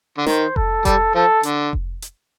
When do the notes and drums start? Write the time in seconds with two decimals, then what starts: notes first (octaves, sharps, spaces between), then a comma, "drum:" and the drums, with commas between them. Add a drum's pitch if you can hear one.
0.18 D3
0.27 D#3 C5, drum: snare
0.56 A4, drum: kick F1
0.85 G3 A4, drum: kick F1, hi-hat
1.15 F3 A4
1.43 D3, drum: hi-hat
1.73 drum: kick F1
2.02 drum: hi-hat